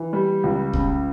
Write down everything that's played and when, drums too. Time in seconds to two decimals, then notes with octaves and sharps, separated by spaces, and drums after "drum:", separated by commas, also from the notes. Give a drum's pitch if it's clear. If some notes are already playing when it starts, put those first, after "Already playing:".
Already playing: E3
0.13 G3
0.44 C#2
0.73 C#3, drum: kick C2